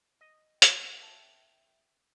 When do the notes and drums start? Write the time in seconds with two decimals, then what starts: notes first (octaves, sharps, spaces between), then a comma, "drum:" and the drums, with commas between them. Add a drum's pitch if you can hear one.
0.21 D#5
0.62 C5 E5 G5, drum: hi-hat
1.03 A#4 A5